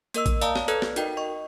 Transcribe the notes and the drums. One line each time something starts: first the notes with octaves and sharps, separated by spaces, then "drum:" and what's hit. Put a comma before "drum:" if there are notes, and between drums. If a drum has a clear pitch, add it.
A#3 A#4 D#5 E6, drum: hi-hat
drum: kick A1, hi-hat
D5 F5 A5 A#5 D#6, drum: hi-hat
C#5, drum: snare
A4 B4 D5 F6 F#6 G#6, drum: hi-hat
drum: snare
D#4 F#4 A#4 D#5 G5, drum: hi-hat
D#5 C#6